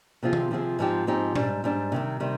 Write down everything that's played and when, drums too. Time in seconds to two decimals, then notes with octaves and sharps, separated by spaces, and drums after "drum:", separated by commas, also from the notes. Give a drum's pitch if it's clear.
0.23 C3 F3 C4 F4 G#4
0.33 drum: tom D#3
0.51 C3 F3 C4 F4 G#4
0.79 G#2 F3 C4 D#4 G4
1.07 G#2 F3 C4 D#4 G4
1.35 G#2 G3 D4, drum: tom A#2
1.64 G#2 G3 D4
1.92 C3 D#3 G3
2.20 C3 D#3 G3